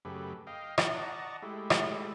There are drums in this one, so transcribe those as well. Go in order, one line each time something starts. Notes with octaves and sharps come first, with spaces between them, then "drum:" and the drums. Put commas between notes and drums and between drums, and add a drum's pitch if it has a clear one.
F#2 C#3 A3 G4 B4
D#5 F5 G5
drum: rim click
D5 D#5 F#5 A5 A#5 C#6
G#3 A3 E4 G4
drum: rim click